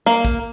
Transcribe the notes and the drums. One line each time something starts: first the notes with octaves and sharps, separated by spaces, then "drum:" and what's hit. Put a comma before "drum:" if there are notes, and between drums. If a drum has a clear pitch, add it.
A#3
drum: kick